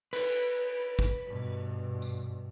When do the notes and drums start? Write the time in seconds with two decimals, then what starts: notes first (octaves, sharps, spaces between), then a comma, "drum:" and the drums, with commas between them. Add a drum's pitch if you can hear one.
0.13 B4, drum: cymbal
0.99 drum: kick
1.27 G2 B2
2.02 drum: tambourine